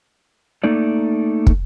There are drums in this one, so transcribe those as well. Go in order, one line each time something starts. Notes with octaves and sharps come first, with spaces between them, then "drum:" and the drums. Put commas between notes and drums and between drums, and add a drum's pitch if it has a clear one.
A3 A#3 D#4 D5
drum: kick